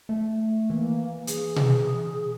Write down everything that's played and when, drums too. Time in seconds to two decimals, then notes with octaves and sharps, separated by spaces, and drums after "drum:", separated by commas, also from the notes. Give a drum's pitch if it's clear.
0.09 A3
0.70 E3 A#3
1.27 G#4, drum: hi-hat
1.56 drum: tom B2